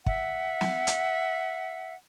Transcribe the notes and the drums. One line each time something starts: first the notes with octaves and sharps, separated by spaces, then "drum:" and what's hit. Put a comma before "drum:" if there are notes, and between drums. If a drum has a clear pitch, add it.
E5 F#5, drum: kick
drum: snare
drum: hi-hat